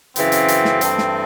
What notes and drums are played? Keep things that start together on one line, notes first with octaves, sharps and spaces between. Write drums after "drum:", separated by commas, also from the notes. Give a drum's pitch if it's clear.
F#2 C#3 E3 C4, drum: hi-hat
drum: hi-hat
drum: hi-hat
drum: snare
G2 E3 A3, drum: hi-hat
drum: snare